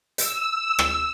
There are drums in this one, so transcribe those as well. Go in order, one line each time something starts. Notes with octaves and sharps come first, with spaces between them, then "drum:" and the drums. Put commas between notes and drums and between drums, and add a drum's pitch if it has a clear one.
E6, drum: hi-hat
drum: rim click